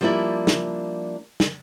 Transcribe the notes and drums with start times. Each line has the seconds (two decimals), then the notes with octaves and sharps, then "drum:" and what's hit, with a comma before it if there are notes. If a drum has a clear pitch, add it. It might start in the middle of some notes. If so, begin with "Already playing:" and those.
0.01 F3 G3 A#3 D4 E4 D5
0.47 drum: snare
1.40 drum: snare